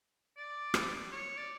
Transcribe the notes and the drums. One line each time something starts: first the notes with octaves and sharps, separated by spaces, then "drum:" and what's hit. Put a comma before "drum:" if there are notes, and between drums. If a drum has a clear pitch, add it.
D5
drum: rim click
C#5
D5